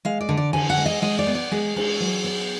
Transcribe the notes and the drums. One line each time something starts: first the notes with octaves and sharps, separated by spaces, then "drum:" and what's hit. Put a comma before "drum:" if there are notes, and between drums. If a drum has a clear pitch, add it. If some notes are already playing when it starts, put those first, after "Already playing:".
G#3 F5
D5
D3
D5
D3 G#5, drum: cymbal
F#5
G#3
D#5
G#3 D#5
D5
B3
D5
G#3 G#4
G#3, drum: cymbal
F#3
B3